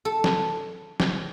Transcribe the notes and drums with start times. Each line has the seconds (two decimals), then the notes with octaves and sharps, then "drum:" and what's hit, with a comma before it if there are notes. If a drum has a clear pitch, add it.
0.05 A4
0.24 drum: snare
1.00 drum: snare